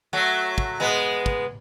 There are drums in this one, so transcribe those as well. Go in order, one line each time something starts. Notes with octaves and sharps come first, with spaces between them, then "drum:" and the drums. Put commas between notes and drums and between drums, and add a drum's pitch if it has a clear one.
F#3 A3
drum: kick
G#3 B3
drum: kick